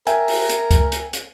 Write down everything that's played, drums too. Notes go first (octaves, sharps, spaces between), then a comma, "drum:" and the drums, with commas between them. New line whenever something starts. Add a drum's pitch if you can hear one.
A#4 E5 G5 G#5, drum: hi-hat
drum: open hi-hat
drum: hi-hat
drum: kick C#2, hi-hat
drum: hi-hat
drum: hi-hat